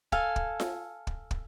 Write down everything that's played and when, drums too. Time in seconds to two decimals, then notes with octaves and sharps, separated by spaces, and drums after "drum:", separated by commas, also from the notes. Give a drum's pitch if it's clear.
0.12 A4 F5 G#5, drum: kick
0.36 drum: kick
0.60 drum: snare F4
1.07 drum: kick
1.31 drum: kick